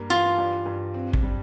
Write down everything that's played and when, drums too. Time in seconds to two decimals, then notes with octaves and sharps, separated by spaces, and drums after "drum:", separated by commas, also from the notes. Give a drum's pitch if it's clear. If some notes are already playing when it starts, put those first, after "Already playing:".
Already playing: G2 A#3
0.10 E3 F4
0.38 G2
0.66 G2
0.94 C4
1.13 drum: kick
1.23 G3